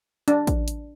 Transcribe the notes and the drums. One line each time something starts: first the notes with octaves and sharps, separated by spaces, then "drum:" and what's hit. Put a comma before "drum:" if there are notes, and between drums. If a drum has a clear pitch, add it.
D4, drum: hi-hat
drum: kick, hi-hat
drum: hi-hat